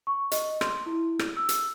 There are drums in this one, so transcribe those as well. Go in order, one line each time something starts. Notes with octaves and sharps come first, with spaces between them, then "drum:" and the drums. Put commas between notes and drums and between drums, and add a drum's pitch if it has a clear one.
C#6
D#5, drum: hi-hat
C6, drum: rim click
E4
drum: rim click
E6
drum: hi-hat